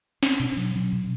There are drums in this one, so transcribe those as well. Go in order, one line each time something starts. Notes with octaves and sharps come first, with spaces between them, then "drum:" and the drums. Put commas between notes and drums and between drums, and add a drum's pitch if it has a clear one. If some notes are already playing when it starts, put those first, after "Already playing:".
D4, drum: snare
B2
F#3
F#3
B2